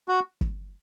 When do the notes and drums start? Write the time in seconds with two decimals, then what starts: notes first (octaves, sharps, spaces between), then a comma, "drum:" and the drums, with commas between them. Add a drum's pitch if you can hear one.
0.08 F#4
0.41 drum: kick